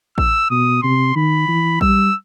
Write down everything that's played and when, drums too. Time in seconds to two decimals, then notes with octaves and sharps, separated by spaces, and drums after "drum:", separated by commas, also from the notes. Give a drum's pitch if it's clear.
0.18 E6, drum: kick A1
0.50 B2 D#6
0.83 C3 C6
1.15 D#3 B5
1.48 E3
1.81 G3 E6, drum: kick A1